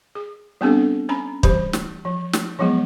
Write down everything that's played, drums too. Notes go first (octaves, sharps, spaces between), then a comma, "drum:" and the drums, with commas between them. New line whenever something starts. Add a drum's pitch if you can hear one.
G#4
G3 B3 C4 D4 G4 A4
C#4 A#5 B5
E3 G3 G4 C5, drum: kick
drum: snare
F3
drum: snare
F3 F#3 G#3 B3 G#4